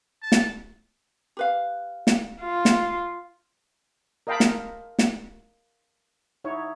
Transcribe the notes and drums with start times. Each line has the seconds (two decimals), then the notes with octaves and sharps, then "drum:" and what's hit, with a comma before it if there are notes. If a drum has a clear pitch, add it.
0.22 A5
0.32 drum: snare
1.37 G4 B4 F5
2.07 drum: snare
2.42 F4
2.65 drum: snare
4.27 A#4 D#5 F5 G5 A5 B5
4.40 drum: snare
4.99 drum: snare
6.44 D#4 E4 C#5